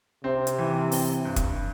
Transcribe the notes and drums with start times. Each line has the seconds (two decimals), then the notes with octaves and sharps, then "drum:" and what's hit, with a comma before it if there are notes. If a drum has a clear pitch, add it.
0.24 C3 C4
0.47 drum: hi-hat
0.58 E3
0.92 C4, drum: open hi-hat
1.25 G2
1.36 drum: kick, hi-hat